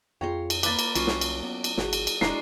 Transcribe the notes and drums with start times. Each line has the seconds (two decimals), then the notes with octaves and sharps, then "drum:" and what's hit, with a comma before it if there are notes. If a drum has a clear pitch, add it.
0.21 F2 F4 G#4 C#5 G5 A#5 C6
0.50 drum: cymbal
0.63 A#3 B4 D6 A6, drum: cymbal
0.79 drum: cymbal
0.95 C2 F#3 C#4 F4, drum: cymbal
1.07 drum: snare
1.21 drum: cymbal
1.43 B3
1.64 drum: cymbal
1.77 G#1 F#4 G#4, drum: snare
1.93 drum: cymbal
2.07 drum: cymbal
2.21 D#1 G#3 D4 E4 F#4 A#5 C7, drum: snare